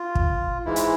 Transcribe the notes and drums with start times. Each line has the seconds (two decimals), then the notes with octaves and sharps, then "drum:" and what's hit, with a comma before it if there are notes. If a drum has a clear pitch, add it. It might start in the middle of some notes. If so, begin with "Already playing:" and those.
Already playing: F4
0.15 drum: kick
0.65 G#2 E3 G#3 E4
0.76 drum: hi-hat